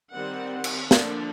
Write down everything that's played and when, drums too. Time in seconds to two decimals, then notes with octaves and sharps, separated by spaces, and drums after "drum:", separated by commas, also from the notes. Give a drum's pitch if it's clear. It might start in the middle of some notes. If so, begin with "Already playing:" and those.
0.12 D#3 G3 C4 F#5
0.64 drum: cymbal
0.91 D3 F3 A#3 D4, drum: snare